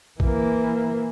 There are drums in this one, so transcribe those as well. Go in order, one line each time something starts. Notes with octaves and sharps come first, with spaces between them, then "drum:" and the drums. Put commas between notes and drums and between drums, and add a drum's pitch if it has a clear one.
E3 A#3, drum: kick